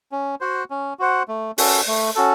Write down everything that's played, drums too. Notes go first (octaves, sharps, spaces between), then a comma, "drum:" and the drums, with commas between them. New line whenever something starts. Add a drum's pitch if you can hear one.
C#4
F#4 C5 F#5
C#4
F#4 C5 F#5
A3
C#4 F#4 A4, drum: open hi-hat
A3
C#4 F#4 A4